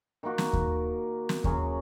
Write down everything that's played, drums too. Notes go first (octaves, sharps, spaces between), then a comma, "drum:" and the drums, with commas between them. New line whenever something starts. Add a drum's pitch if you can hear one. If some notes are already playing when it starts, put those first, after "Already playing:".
D#3 A#3 F#4
drum: snare
drum: kick D#2
drum: snare
F#2 F#3 C#4 G#4, drum: kick D#2